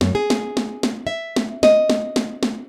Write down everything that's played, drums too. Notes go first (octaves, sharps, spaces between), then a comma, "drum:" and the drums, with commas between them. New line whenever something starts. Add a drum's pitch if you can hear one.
F#2, drum: snare
G#4
drum: snare
drum: snare
drum: snare
E5
drum: snare
D#5, drum: snare
drum: snare
drum: snare
drum: snare